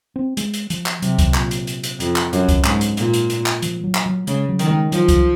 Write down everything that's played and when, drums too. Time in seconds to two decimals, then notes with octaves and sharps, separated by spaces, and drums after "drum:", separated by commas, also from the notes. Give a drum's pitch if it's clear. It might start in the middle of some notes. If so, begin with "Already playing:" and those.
0.16 C4
0.37 G#3, drum: hi-hat
0.54 drum: hi-hat
0.70 F3, drum: hi-hat
0.86 drum: clap
1.02 C3 F#3, drum: hi-hat
1.19 drum: kick C2, hi-hat
1.34 A#2, drum: clap
1.51 drum: hi-hat
1.67 drum: hi-hat
1.84 drum: hi-hat
2.00 F2, drum: hi-hat
2.16 drum: clap
2.33 F#2, drum: hi-hat
2.49 drum: kick C2, hi-hat
2.64 G#2, drum: clap
2.81 drum: hi-hat
2.97 A#2, drum: hi-hat
3.13 drum: hi-hat
3.30 drum: hi-hat
3.46 drum: clap
3.62 F3, drum: hi-hat
3.84 F#3
3.95 drum: clap
4.06 F#3
4.27 C#3 G#3, drum: hi-hat
4.49 F#3
4.59 D#3, drum: hi-hat
4.70 G#3
4.92 F3 F#3, drum: hi-hat
5.08 drum: kick C2, hi-hat